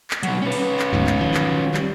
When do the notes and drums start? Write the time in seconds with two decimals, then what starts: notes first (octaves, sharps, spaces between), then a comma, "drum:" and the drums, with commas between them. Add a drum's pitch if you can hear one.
0.11 drum: clap
0.23 B2 F#3, drum: hi-hat
0.42 C#4 B4
0.52 drum: open hi-hat
0.79 drum: clap
0.93 D2 G#2 B2
1.07 drum: clap
1.21 D#3 F3 F#3
1.34 drum: clap
1.74 G3, drum: clap